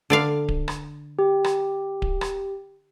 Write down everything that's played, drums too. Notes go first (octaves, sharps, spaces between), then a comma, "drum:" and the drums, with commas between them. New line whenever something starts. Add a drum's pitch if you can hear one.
D3 D5 F5
drum: kick D1
drum: rim click
G4
drum: rim click
drum: kick D1
drum: rim click